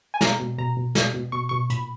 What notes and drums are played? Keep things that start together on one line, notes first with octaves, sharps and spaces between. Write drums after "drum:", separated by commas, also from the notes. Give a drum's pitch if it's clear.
G#5
B2 A#5, drum: snare
B2
B2 A#5
B2
B2, drum: snare
B2
B2 C#6
B2 C#6
A#2 B5, drum: hi-hat